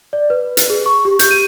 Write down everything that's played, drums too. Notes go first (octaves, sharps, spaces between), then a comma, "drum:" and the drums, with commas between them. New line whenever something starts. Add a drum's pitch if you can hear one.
D5
B4
drum: hi-hat
G#4
C#6
G4
G6, drum: hi-hat
D#7